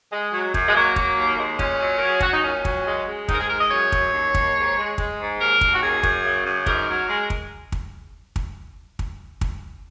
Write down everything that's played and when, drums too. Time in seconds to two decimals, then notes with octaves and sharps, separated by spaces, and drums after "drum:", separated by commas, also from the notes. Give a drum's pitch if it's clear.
0.12 G#3
0.33 F#3
0.54 F#2, drum: kick
0.68 G#3
0.75 F#3 A#3
0.96 F#3, drum: kick
1.18 D#2
1.39 G#3
1.59 A#2 C#4, drum: kick
1.81 F#3
1.98 F#3 A#4
2.09 G#4
2.20 F#3 F#4, drum: kick
2.32 D#4
2.44 A#2 C#4
2.65 F#3, drum: kick
2.87 G#3
3.07 G#3
3.28 G#2 D#4, drum: kick
3.34 A#4
3.39 G#4
3.49 G#3 A#4
3.60 D#5
3.71 F#2 C#5
3.92 F#3, drum: kick
4.14 D#2
4.34 D#2, drum: kick
4.56 G#2
4.77 G#3
4.98 G#3, drum: kick
5.19 G#2
5.40 D#2 A#4
5.61 D#2, drum: kick
5.73 F#4
5.82 F#2 G#4
6.03 F#2, drum: kick
6.24 C#3
6.45 F#2
6.66 G#2 A#4, drum: kick
6.88 F#3
7.09 G#3
7.30 drum: kick
7.72 drum: kick
8.36 drum: kick
8.99 drum: kick
9.41 drum: kick